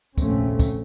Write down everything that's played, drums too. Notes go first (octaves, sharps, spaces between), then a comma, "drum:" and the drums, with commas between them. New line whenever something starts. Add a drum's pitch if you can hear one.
F1 A#1 D#2 A3 C4 C#4, drum: kick, tambourine
drum: kick, tambourine